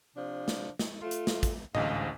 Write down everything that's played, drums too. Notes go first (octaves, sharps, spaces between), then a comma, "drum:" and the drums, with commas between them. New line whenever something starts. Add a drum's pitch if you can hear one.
C3 F3 D4
drum: snare
drum: snare
A3 F4
drum: hi-hat
drum: snare
drum: kick, hi-hat
A1 D2 G#2 D#5 F5, drum: tom A2